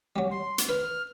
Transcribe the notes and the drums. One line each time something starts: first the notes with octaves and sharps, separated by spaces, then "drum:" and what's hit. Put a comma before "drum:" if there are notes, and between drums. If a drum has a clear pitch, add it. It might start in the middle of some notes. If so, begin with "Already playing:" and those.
F#3 G3
C6
drum: hi-hat
B4 F6